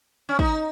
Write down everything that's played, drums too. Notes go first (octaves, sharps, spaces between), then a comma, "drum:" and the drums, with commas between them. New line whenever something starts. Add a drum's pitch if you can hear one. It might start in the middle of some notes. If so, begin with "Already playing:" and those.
C#4
D#4, drum: kick